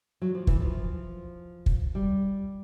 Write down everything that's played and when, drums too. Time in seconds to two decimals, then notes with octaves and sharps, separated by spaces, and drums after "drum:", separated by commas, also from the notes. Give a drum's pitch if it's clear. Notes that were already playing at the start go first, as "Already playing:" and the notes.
0.22 F#3
0.35 F3
0.47 E3, drum: kick
0.60 F3
1.66 drum: kick
1.95 G3